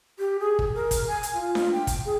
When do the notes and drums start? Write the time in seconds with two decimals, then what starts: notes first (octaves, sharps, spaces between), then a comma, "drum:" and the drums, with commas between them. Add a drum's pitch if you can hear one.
0.19 G4
0.40 G#4
0.59 drum: kick
0.75 A#4
0.91 drum: kick, hi-hat
1.07 G#5
1.23 drum: hi-hat
1.34 F4
1.55 drum: snare D4
1.72 G5
1.87 drum: kick, hi-hat
2.06 G#4